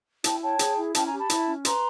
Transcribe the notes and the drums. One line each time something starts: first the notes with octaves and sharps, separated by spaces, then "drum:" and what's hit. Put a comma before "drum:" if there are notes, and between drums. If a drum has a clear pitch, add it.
E4 G5 A5, drum: hi-hat
C#5 G5 A5
G#4, drum: hi-hat
E4
C#4 G5 A5, drum: hi-hat
G#5 A#5
G4
A5 B5
E4, drum: hi-hat
C#4
B4 A#5 C6, drum: hi-hat